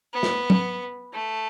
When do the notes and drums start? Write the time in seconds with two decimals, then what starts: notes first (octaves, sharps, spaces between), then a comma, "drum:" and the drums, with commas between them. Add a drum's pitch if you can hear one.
0.14 B3
0.23 drum: snare
0.50 drum: tom
1.12 A3